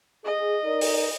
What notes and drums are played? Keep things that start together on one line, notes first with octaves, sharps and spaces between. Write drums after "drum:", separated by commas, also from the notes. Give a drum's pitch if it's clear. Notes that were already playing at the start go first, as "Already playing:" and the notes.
G#4 D#5
D#4 A#4 D5
drum: open hi-hat